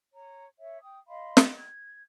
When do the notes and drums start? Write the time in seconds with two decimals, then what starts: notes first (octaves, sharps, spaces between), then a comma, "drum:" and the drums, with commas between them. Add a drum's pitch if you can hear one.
0.14 C#5 A#5
0.59 C#5 E5
0.81 G5 D#6
1.08 D#5 F5 B5 C6
1.37 drum: snare
1.57 G#6